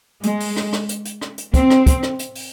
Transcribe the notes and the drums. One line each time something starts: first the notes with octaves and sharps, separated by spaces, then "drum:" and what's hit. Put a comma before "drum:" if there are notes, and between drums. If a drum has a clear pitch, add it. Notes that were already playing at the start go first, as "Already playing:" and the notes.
G#3, drum: hi-hat
drum: open hi-hat
drum: rim click
drum: rim click
drum: hi-hat
drum: hi-hat
drum: rim click
drum: hi-hat
C4, drum: kick, hi-hat
drum: rim click
drum: kick, hi-hat
drum: rim click
drum: hi-hat
drum: open hi-hat